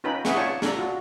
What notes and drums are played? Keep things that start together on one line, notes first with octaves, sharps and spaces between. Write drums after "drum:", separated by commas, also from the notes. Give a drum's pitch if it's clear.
C#4 D#4 F4 B4 G5 B5
G#4 B4 E5 F#5 G#5 C#6, drum: snare
F4 C#5 D5 A5 C#6
D4 A4 A#5, drum: snare
F4 F#4